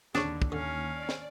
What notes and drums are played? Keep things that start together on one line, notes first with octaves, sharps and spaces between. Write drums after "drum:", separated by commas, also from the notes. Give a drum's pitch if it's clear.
D#2 D3 C#4 D4 G#4, drum: snare
drum: kick
D3 C#4 F5
D5
drum: snare